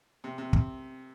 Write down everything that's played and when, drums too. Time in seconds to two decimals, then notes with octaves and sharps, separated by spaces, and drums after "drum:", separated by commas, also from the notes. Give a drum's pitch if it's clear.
0.24 C3
0.38 C3
0.53 drum: kick